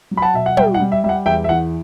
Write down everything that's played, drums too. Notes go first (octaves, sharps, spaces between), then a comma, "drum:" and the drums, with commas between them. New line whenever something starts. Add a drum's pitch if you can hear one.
F#3
B5
F#5 A5
B2 E5
F#5
G3 E5 G5, drum: tom
F#5
G3
E5
G3 E5
F#5
E2 E5 G5
E5
E3 F#5